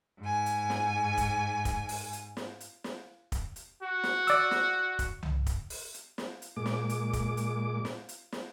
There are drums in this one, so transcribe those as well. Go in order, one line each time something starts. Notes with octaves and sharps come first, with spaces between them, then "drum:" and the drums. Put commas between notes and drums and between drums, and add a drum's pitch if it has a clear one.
G#2 G#5
drum: hi-hat
drum: snare
drum: kick, hi-hat
drum: kick, hi-hat
drum: open hi-hat
drum: hi-hat
drum: snare
drum: hi-hat
drum: snare
drum: kick, hi-hat
drum: hi-hat
F#4
drum: snare
D5 E6, drum: hi-hat
drum: snare
drum: kick, hi-hat
drum: tom C2
drum: kick, hi-hat
drum: open hi-hat
drum: hi-hat
drum: snare
drum: hi-hat
A#2 G#3 D6
drum: snare
drum: hi-hat
drum: kick, hi-hat
drum: hi-hat
drum: snare
drum: hi-hat
drum: snare